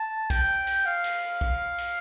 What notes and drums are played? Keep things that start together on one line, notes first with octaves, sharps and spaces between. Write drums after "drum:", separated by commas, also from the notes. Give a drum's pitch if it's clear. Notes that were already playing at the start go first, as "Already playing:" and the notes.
Already playing: A5
G5, drum: kick B1, cymbal
drum: cymbal
F5
drum: cymbal
drum: kick B1
drum: cymbal